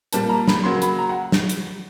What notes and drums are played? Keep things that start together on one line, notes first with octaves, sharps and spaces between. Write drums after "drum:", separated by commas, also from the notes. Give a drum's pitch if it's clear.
A#2 G3 A#3 A5, drum: hi-hat
A#5
B5, drum: snare
C#3 F#3 A#3 C6
B5, drum: hi-hat
A#5
F#5
drum: snare
drum: hi-hat